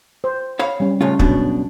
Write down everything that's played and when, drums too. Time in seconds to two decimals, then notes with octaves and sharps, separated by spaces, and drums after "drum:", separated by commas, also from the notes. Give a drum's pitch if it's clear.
0.24 C5
0.59 C#5 F5 B5
0.80 G3 C#4
1.01 A2 C#3 C#4 F4
1.19 F#2 B2 D4, drum: kick